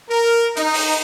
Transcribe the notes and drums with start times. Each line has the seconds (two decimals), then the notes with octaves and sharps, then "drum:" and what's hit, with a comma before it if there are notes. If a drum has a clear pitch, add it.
0.10 A#4
0.57 D#4, drum: hi-hat
0.74 drum: open hi-hat